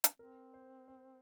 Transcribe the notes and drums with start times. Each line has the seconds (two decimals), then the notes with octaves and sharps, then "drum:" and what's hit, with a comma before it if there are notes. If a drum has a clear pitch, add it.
0.04 drum: hi-hat
0.19 C4 A#4
0.54 C5
0.88 C5